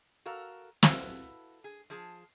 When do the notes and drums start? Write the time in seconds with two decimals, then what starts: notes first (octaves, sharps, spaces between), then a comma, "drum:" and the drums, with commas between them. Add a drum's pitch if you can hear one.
0.26 F#4 A4 A#4 F5
0.83 E4 F#4 A4 B4 F5, drum: snare
1.64 G#4
1.90 F3 G#4 A5